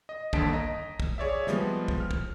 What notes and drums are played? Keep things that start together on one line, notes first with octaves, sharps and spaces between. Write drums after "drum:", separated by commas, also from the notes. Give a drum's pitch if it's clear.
D#5
G1 D#2 D3 A5 B6 D7, drum: kick
D#5 A#5
drum: kick
G#4 C#5 D5 E5
F3 G3 G#3 B3, drum: snare
drum: kick
F6
drum: kick